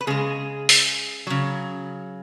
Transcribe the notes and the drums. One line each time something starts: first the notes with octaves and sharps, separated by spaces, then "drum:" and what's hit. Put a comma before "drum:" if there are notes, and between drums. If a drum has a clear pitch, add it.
B4
C#3 G#3 G#4
drum: open hi-hat
C#3 F#3